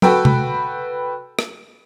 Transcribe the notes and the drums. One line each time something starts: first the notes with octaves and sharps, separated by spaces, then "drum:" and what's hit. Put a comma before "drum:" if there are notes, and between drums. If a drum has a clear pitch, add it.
F#4 A4 B4 G5 B5 E6, drum: tom
drum: tom C3
drum: rim click